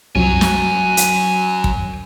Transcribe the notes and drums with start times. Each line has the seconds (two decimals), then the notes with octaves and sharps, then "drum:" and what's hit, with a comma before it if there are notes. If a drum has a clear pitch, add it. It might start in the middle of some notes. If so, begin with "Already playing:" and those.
0.16 C2 F#2 F3 F#3 C#4 G#5
0.41 drum: snare
0.97 drum: hi-hat
1.64 drum: kick